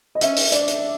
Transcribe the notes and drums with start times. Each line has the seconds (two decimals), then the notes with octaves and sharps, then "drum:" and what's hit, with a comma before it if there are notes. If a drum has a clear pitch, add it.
0.15 D#5
0.21 C#4 E5, drum: hi-hat
0.36 drum: open hi-hat
0.52 D4 D5, drum: hi-hat
0.68 drum: hi-hat